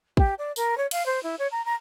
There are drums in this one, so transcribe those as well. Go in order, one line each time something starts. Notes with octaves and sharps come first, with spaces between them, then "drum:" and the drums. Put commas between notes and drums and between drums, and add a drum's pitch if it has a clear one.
G4, drum: kick
D5
A#4, drum: tambourine
C#5
F5, drum: cymbal
C5
E4
C#5
A#5
A#5